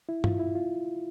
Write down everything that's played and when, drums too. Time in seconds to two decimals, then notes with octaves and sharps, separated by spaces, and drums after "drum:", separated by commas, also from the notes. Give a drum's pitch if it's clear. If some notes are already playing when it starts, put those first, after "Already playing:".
0.09 E4
0.24 F4, drum: tom G2
0.39 E4
0.55 F4